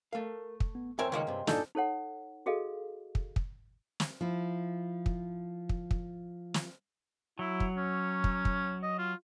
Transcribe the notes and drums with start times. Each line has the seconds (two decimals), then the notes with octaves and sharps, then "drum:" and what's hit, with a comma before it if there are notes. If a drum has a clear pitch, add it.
0.12 A3 A#4 F5
0.60 drum: kick
0.75 B3
0.99 E2 C4 A#4 C#5 E5 G5 G#5 C6
1.12 C#2 D#3 G#3 A#3 C#4 F#5
1.27 G2 C3
1.47 G2 A#2 D4 D#4 A4 G#5 A5 G6, drum: snare
1.75 D#4 A4 C#5 F#5
2.46 F#4 G#4 A4 D#5 F5
3.15 drum: kick
3.36 drum: kick
4.00 drum: snare
4.21 F3 E4
5.06 drum: kick
5.69 drum: kick
5.91 drum: kick
6.54 drum: snare
7.39 F#3 E4
7.60 drum: kick
7.77 C#4
8.24 drum: kick
8.45 drum: kick
8.83 D#5
8.99 F4